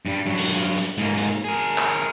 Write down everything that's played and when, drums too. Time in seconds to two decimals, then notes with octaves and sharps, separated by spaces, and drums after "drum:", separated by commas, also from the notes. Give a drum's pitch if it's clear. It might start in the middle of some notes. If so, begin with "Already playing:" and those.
0.06 G2 G3
0.26 G2 F#3
0.38 drum: open hi-hat
0.58 drum: hi-hat
0.78 drum: hi-hat
0.98 G#2 A#3, drum: hi-hat
1.18 drum: hi-hat
1.44 G#4 A#4
1.78 drum: clap